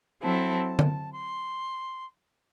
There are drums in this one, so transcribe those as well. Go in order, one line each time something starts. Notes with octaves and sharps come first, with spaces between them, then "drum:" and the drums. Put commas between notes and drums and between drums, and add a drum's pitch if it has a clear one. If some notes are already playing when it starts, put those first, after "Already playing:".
F#3 C4 E4 A4 A5
drum: tom D3
C6